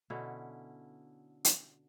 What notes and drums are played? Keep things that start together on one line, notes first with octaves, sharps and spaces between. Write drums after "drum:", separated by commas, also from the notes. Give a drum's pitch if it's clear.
B2 D3 C#4 E4
drum: hi-hat